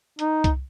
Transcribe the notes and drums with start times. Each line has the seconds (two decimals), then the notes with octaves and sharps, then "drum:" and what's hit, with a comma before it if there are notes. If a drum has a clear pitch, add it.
0.19 D#4, drum: hi-hat
0.44 drum: kick C2, hi-hat